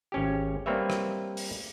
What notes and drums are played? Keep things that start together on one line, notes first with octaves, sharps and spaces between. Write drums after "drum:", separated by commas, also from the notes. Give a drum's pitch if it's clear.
G#1 C#4 G4
G3 A#3 C4 B4 C#5 E5
drum: rim click
drum: open hi-hat